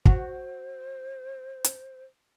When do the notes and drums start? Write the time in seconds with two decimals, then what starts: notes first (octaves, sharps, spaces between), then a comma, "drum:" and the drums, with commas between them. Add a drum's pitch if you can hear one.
0.05 F#4 C5, drum: kick
1.64 drum: hi-hat